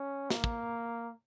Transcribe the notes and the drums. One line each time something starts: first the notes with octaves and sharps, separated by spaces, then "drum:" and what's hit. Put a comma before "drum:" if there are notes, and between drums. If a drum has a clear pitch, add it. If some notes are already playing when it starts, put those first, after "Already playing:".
Already playing: C#4
A#3, drum: snare
drum: kick